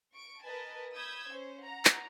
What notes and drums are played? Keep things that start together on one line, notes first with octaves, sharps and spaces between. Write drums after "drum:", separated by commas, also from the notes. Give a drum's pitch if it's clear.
C#6 D7
A#4 B4 D#5 G#5 A5
B5 D#6 E6 G6 G#6
C#4 C5
F#5 A#5
drum: clap